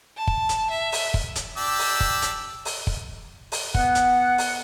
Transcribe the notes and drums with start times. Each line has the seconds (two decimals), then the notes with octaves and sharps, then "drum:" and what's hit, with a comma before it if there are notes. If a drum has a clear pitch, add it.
0.18 A5
0.27 drum: kick
0.49 drum: hi-hat
0.70 E5
0.92 drum: open hi-hat
1.14 drum: kick
1.36 drum: hi-hat
1.57 D4 G4 E6
1.79 drum: open hi-hat
2.00 drum: kick
2.22 drum: hi-hat
2.65 drum: open hi-hat
2.87 drum: kick
3.52 drum: open hi-hat
3.74 B3 F#5, drum: kick
3.95 drum: hi-hat
4.38 drum: open hi-hat